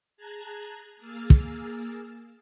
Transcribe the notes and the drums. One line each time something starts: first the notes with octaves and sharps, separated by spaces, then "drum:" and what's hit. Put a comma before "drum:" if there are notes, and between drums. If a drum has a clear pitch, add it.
G#4 A5 A#5 F#6 G#6
A#3 G#4 E6 F6 A6
drum: kick